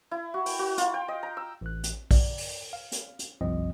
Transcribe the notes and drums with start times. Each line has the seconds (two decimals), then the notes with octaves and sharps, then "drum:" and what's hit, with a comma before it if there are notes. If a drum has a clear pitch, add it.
0.11 E4
0.34 F#4
0.46 G5, drum: open hi-hat
0.59 F#4
0.78 F4, drum: hi-hat
0.94 G5
1.08 D#5
1.23 A#5
1.37 E6
1.61 A1 F#6
1.84 drum: hi-hat
2.11 D5, drum: kick, open hi-hat
2.38 drum: open hi-hat
2.73 F5
2.92 drum: hi-hat
3.19 drum: hi-hat
3.41 G1 C2 F#2 F3 C4 D#5